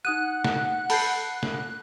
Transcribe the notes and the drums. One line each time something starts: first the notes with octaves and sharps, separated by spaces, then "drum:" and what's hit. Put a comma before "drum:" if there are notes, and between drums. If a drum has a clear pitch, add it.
D#4 F#5 D#6 F#6 D#7
drum: snare
A4 B5 G6 C7, drum: open hi-hat
drum: snare